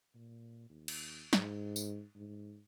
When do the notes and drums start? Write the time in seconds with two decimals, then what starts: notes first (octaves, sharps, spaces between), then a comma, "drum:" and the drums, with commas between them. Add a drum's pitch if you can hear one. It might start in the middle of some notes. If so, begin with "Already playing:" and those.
0.15 A#2
0.70 D#2
0.88 drum: cymbal
1.33 G#2, drum: snare
1.76 drum: tambourine
2.16 G#2